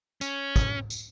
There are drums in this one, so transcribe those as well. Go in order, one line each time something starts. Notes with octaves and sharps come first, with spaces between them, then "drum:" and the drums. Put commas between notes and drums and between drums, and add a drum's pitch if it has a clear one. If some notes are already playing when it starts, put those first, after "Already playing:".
C#4, drum: tambourine
drum: kick, tambourine
drum: tambourine